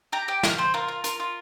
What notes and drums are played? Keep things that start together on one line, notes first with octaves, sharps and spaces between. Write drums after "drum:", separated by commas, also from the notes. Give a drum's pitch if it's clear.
G4 A#5
G4 G5
G4 F5, drum: snare
C4 C5
F4 A#4
F4
F4 A#4, drum: hi-hat
F4